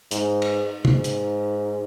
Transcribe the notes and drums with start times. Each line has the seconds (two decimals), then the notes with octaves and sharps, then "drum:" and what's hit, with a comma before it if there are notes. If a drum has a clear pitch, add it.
0.11 G#2, drum: hi-hat
0.42 drum: cymbal
0.85 G#2, drum: tom
1.04 drum: hi-hat